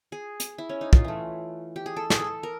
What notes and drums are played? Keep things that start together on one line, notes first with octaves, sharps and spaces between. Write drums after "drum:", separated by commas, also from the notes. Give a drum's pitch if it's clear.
G#4
drum: hi-hat
E4
C#4
D#4
F4, drum: kick
E3 A3
G4
G#4
A4
G#4, drum: snare
A4
A#4